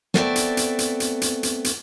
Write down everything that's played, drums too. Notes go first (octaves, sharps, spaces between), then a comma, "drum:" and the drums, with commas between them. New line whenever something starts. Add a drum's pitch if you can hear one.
A3 B3 C4 D5, drum: snare
drum: hi-hat
drum: hi-hat
drum: hi-hat
drum: hi-hat
drum: hi-hat
drum: hi-hat
drum: hi-hat